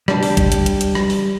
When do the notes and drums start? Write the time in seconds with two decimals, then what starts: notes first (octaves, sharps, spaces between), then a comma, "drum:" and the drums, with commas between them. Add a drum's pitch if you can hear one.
0.08 G3 D4, drum: rim click
0.23 drum: open hi-hat
0.37 drum: kick, hi-hat
0.52 drum: hi-hat
0.66 drum: hi-hat
0.81 drum: hi-hat
0.95 drum: rim click
1.10 drum: open hi-hat